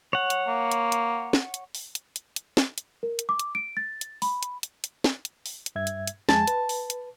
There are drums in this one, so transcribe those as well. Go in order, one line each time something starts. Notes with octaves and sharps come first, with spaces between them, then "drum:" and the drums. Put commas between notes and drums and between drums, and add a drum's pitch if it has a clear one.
C#5 F#5
drum: hi-hat
A#3
drum: hi-hat
drum: hi-hat
drum: snare
drum: hi-hat
drum: open hi-hat
drum: hi-hat
drum: hi-hat
drum: hi-hat
drum: snare
drum: hi-hat
A#4
drum: hi-hat
D6
drum: hi-hat
D7
A6
drum: hi-hat
B5, drum: open hi-hat
drum: hi-hat
drum: hi-hat
drum: hi-hat
drum: snare
drum: hi-hat
drum: open hi-hat
drum: hi-hat
G2 E5 G#6
drum: hi-hat
drum: hi-hat
F2 G#3 G#5 A5, drum: snare
B4, drum: hi-hat
drum: open hi-hat
drum: hi-hat